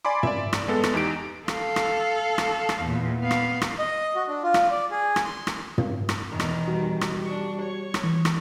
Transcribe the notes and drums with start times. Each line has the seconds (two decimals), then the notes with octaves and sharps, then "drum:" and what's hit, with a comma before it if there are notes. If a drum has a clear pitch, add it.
0.05 D5 G#5 B5 C6 D6
0.23 D5 E5, drum: tom
0.53 drum: rim click
0.68 G#3 B3 A4
0.83 drum: rim click
0.94 E2 D#4 G4 D7
1.48 A4 F5, drum: rim click
1.76 drum: rim click
2.38 drum: rim click
2.69 drum: rim click
2.82 E2 A#2
3.20 B3 F5
3.31 drum: rim click
3.62 drum: rim click
3.79 D#5
4.15 F#4
4.28 D4
4.43 F4
4.54 drum: rim click
4.71 D5
4.91 G#4
5.16 drum: rim click
5.25 C6
5.47 drum: rim click
5.78 drum: tom
6.09 drum: rim click
6.28 E2 B2 D#3
6.40 drum: rim click
6.67 G3 F#4
7.01 drum: rim click
7.24 D4 C#6
7.60 C#5
7.94 drum: rim click
8.04 E3
8.25 drum: rim click